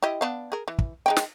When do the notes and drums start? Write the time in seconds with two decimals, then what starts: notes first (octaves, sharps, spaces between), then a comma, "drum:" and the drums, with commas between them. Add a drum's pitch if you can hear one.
0.03 E4 G4 D#5
0.21 B3 D4 F5
0.52 G#4 A#4
0.68 E3
0.79 drum: kick
1.06 G#3 D#4 G5
1.16 drum: snare